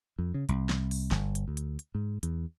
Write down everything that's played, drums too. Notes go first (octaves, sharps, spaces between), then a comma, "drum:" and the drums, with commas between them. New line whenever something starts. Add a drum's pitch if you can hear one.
F2
C#3
C2, drum: hi-hat
drum: snare
drum: open hi-hat
G1, drum: snare
drum: hi-hat
D2
drum: hi-hat
drum: hi-hat
G#2
E2, drum: hi-hat